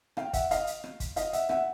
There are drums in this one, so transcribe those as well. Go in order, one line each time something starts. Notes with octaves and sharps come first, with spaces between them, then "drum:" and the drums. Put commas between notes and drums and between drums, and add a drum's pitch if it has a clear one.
F5 G5, drum: rim click
E5 F#5, drum: kick, hi-hat
D#5 F5, drum: hi-hat
drum: hi-hat
drum: rim click
drum: kick, hi-hat
D#5 F5, drum: hi-hat
E5 F#5, drum: hi-hat
E5 F#5, drum: rim click